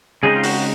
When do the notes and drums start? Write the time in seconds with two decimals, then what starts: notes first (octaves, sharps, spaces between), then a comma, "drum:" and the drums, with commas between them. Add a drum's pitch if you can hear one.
0.23 C#3 G#3 C4 D#4 G#4
0.36 F4
0.43 F#4, drum: open hi-hat